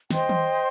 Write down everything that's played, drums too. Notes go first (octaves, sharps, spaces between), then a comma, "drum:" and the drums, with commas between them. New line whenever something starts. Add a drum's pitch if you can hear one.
C5 D#5 G5 C6, drum: snare
drum: tom D#3